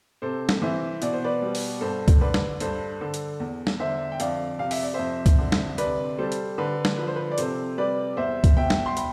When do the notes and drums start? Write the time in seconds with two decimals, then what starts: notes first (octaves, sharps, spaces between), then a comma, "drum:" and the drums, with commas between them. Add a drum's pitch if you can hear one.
0.22 C3 A4 C5
0.49 drum: snare
0.62 E3 C5 E5
1.02 B2 D5, drum: hi-hat
1.13 C5
1.24 B4 D5
1.42 G3
1.55 drum: open hi-hat
1.81 G2 A4 C5
2.08 drum: kick C#2, hi-hat
2.21 D3 B4 D5
2.34 drum: snare
2.60 G2 A4 C5, drum: hi-hat
3.01 D3 A4
3.14 drum: hi-hat
3.40 E2
3.67 drum: snare
3.80 D3 C5 E5
4.12 G5
4.20 F2 D5 F5, drum: hi-hat
4.59 C3 F5
4.71 E5, drum: open hi-hat
4.83 D5
4.94 F2 C5 E5
5.26 drum: kick C#2, hi-hat
5.39 D3
5.52 drum: snare
5.78 C3 B4 D5, drum: hi-hat
6.18 G3 A4 C5
6.32 drum: hi-hat
6.58 D3 B4
6.85 drum: snare
6.98 F3 B4
7.07 C5
7.16 B4
7.31 D5
7.38 C3 A4 C5, drum: hi-hat
7.78 G3 B4 D5
8.17 E2 C5 E5
8.44 drum: kick C#2, hi-hat
8.57 B2 E5 G5
8.70 drum: snare
8.86 C6
8.97 G5 B5, drum: hi-hat